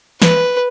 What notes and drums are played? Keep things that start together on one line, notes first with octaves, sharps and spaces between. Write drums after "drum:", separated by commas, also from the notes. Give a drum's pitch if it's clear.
B4, drum: snare